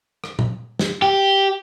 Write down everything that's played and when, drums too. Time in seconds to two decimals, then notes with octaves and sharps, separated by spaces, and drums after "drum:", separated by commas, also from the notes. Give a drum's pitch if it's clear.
0.24 drum: rim click
0.39 drum: tom
0.79 drum: snare
1.02 G4